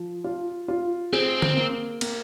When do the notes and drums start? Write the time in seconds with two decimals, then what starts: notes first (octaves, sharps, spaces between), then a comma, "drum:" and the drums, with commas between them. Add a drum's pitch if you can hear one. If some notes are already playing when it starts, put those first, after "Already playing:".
Already playing: F3
0.24 F4
0.68 F4
1.13 C4 G#4
1.42 drum: tom D3
1.56 A#3
2.01 A#3, drum: cymbal